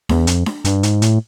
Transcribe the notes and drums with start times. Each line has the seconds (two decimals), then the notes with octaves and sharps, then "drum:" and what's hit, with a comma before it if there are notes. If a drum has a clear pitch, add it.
0.09 E2, drum: snare D4
0.27 F2, drum: hi-hat
0.46 drum: snare D4
0.65 G2, drum: hi-hat
0.83 G#2, drum: hi-hat
1.02 A2, drum: hi-hat